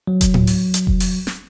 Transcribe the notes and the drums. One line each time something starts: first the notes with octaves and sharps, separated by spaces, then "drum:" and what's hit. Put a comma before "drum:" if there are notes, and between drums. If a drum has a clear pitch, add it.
F#3
drum: kick F1, hi-hat
drum: tom A2
drum: open hi-hat
drum: hi-hat
drum: kick F1
drum: open hi-hat
drum: snare